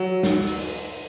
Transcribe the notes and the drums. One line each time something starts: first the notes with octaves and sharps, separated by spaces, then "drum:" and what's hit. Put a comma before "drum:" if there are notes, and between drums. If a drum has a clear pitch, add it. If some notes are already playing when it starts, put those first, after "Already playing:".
Already playing: F#3
drum: snare
drum: open hi-hat